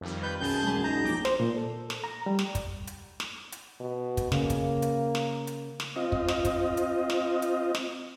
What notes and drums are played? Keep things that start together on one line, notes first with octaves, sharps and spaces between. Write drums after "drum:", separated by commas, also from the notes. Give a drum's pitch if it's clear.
F2 D#3 G3
B4 G6
B1 F#2 G#4 A5 G6
E1 B5
D#4 F#4 A#5 G6
A#1 G5 D6
C5, drum: snare
A#2
A4
drum: snare
A#5
G3
drum: snare
drum: kick, hi-hat
drum: hi-hat
drum: snare
drum: hi-hat
B2
drum: kick, hi-hat
C#3 A#3, drum: snare
drum: kick, hi-hat
drum: hi-hat
drum: snare
drum: hi-hat
drum: snare
C4 F4 D#5
drum: kick
drum: snare
drum: kick, hi-hat
drum: hi-hat
drum: snare
drum: hi-hat
drum: snare